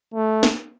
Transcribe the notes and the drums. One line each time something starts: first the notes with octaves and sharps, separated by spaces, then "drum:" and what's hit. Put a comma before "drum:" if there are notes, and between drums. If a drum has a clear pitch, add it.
A3
drum: snare